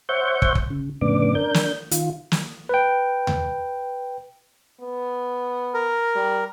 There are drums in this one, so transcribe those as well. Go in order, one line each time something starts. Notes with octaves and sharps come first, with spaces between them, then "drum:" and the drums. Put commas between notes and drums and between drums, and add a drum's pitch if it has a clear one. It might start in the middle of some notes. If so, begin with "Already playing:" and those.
C5 C#5 E5 F#5 C#6 G6
drum: kick
drum: kick
C#3
F2 A2 C#3 B3 D4 D6
D4 A#4 G6
drum: snare
D#3 F4, drum: hi-hat
drum: snare
B4 G5
drum: tom D#2
B3
A#4
G3